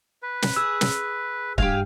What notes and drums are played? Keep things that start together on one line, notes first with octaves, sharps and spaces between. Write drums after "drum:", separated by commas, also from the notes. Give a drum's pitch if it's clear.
B4
drum: snare
G#4 E6
drum: snare
G2 G4 G#4 F5 G#5, drum: kick